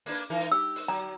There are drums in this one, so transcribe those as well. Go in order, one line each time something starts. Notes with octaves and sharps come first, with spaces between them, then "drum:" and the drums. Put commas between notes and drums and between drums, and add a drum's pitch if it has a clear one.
A#3 D4 B4, drum: open hi-hat
E3 D#4 A#4
drum: hi-hat
G4 E6
drum: open hi-hat
F#3 A#5